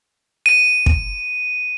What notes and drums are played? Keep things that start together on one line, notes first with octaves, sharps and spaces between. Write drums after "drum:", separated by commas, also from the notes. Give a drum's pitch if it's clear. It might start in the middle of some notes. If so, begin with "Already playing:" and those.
D#7
drum: kick